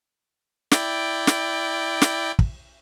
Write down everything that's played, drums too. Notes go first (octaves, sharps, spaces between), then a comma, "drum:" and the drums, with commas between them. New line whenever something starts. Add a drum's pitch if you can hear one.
E4 D5 G5, drum: snare
drum: snare
drum: snare
drum: kick